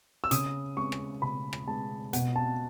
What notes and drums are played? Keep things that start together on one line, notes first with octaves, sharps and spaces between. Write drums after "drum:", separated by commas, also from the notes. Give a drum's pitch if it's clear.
E6
C#3 D#6, drum: hi-hat
G#3 C#6
drum: rim click
C#3 B5
drum: rim click
G#3 A5
B2 F#5, drum: hi-hat
A5